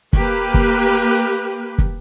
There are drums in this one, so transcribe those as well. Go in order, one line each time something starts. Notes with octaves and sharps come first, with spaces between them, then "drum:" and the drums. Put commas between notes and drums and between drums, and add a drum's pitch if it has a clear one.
A#3 G4 B4, drum: kick
drum: kick
drum: kick